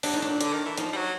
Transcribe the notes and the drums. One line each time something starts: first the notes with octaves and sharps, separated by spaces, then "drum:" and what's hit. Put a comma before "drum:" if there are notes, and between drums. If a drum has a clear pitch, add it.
G2 D4, drum: open hi-hat
A2 D#4
D4
A#2
D3, drum: hi-hat
D#3
E3
F3 D#4, drum: hi-hat
G3
F#3